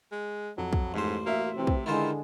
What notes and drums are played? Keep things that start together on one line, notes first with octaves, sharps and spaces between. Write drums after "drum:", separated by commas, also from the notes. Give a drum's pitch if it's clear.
G#3
F2 F#3
drum: kick
A1 G#2 C5
A#3 F#4 E5
C3 E3 C4
drum: kick
D3 D#3 G#3 E4 F4 C5